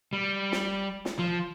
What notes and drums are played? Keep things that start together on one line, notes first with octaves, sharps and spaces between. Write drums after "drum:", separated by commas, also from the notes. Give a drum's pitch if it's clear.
G3
drum: snare
drum: snare
F3